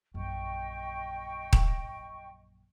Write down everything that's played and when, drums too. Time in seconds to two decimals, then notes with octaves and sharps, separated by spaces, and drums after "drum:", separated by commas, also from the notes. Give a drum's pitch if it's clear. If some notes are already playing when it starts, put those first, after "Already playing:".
0.14 A#1 F#2 D#5 G5 C#6
1.53 drum: kick D#1